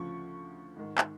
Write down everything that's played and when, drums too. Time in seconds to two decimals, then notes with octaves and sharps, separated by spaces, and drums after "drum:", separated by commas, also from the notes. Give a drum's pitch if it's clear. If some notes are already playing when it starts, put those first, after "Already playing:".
Already playing: D2 C#3 F3 C#6
0.76 G#2 D#3
0.98 drum: clap